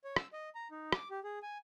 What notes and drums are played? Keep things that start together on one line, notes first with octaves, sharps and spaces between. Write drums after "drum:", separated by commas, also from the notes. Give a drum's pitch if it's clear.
C#5
E6, drum: rim click
D#5
A#5
D#4
D6, drum: rim click
G4
G#4
G#5